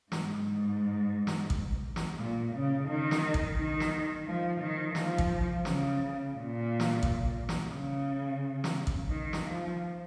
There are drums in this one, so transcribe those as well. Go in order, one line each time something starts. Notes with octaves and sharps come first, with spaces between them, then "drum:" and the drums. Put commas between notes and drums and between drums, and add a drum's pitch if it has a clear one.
G#2, drum: snare
drum: snare
drum: kick
drum: snare
A#2
C#3
D#3
drum: snare
drum: kick
D#3
drum: snare
F3
D#3
F3, drum: snare
drum: kick
C#3, drum: snare
A#2
drum: snare
drum: kick
drum: snare
C#3
drum: snare
drum: kick
D#3
drum: snare
F3